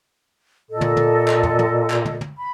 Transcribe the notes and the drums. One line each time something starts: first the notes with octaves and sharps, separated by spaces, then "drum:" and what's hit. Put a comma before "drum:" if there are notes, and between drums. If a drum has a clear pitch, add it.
A#2 A4 D#5
drum: tom
drum: tom
drum: clap
drum: tom
drum: tom
drum: clap
drum: tom
drum: tom
B5